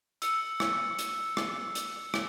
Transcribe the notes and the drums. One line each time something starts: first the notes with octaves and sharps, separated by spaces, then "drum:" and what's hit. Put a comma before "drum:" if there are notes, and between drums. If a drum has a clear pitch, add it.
E6 C#7, drum: hi-hat
drum: rim click
drum: hi-hat
drum: rim click
drum: hi-hat
drum: rim click